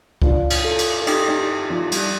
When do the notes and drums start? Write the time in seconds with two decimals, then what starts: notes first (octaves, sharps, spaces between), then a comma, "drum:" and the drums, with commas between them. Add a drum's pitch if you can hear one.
0.22 D4 F4, drum: kick C#2
0.50 drum: cymbal
0.64 F4 A4
0.78 drum: cymbal
1.02 A4
1.07 D#4 G4, drum: cymbal
1.28 D#4 G4
1.70 F3
1.92 G3, drum: cymbal